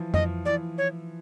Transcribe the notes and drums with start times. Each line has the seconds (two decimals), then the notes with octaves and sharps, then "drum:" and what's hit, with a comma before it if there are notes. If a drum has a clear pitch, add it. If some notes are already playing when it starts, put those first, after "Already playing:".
Already playing: E3 F3
0.14 F3 D#5, drum: tom F2
0.46 E3 D5
0.78 C#5